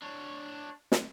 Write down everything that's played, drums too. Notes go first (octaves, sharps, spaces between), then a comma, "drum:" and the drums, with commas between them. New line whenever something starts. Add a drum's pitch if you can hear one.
D4 C#5
drum: snare